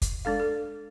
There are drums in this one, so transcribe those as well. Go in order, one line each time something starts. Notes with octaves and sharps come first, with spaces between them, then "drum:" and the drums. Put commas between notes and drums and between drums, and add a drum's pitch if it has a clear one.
drum: kick, hi-hat
G#3 D4 A4 F5
A4